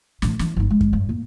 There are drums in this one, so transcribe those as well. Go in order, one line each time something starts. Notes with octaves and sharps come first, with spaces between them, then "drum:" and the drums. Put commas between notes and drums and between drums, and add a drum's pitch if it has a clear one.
A2 E3, drum: snare
E3, drum: snare
G1 D#4
G#3
drum: kick F#2
G2
A2 A#3